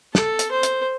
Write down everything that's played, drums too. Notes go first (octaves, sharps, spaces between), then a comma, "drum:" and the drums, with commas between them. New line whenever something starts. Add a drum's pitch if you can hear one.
A4, drum: snare
drum: hi-hat
C5
drum: hi-hat